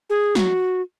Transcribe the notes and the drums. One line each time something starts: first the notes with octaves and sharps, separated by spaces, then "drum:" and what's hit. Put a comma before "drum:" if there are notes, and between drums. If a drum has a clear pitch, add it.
G#4
F#4, drum: snare